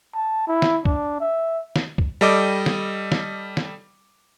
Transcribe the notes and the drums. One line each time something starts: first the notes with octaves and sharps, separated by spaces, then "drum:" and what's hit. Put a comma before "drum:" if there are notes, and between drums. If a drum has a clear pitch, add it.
A5
E4
drum: snare
D4, drum: kick
E5
drum: snare
drum: kick
G3 A4 D#5 D6
drum: snare
drum: snare
drum: snare